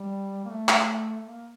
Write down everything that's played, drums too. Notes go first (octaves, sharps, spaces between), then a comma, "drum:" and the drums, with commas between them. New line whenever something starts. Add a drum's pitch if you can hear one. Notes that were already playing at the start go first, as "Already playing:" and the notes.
Already playing: G3
A#3
A3
drum: clap
A#3